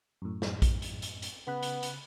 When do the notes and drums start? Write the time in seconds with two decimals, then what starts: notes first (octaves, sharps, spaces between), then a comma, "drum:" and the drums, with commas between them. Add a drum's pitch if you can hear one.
0.22 F#2 A2
0.42 drum: snare
0.62 drum: kick A#1, hi-hat
0.82 drum: hi-hat
1.02 drum: hi-hat
1.22 drum: hi-hat
1.47 C#3 B3 B5 F#6
1.63 drum: hi-hat
1.83 drum: hi-hat